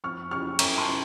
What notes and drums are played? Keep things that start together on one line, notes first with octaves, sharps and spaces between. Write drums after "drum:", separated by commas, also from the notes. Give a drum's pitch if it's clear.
F2 C#6 F6
C#3 C#6 F6
F#2 A#5 C#6, drum: cymbal
A5 C6
C#3